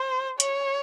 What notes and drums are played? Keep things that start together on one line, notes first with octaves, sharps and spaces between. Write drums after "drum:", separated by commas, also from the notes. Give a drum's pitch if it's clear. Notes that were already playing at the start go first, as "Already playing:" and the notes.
Already playing: C5
C#5, drum: hi-hat